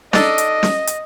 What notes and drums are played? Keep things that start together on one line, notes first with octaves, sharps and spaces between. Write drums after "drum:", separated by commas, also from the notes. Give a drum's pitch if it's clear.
D4 D#4 A4 D#5, drum: snare
drum: hi-hat
drum: snare
drum: hi-hat